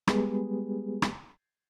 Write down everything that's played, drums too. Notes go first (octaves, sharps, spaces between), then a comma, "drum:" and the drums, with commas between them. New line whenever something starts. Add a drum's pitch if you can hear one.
G3 G#3 B3 G4 G#4 B4, drum: rim click
drum: rim click